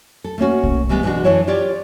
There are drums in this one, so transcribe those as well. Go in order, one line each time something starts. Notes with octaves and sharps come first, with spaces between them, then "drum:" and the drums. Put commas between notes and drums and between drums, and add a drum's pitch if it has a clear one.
A4
A3 A#3 C#4 F#4
drum: kick
E3 G3 G#3 B3
B2 E3 G#3 D4 F#4
F#2 E3 E4 C#5 A5
F4 G4 C#5 D5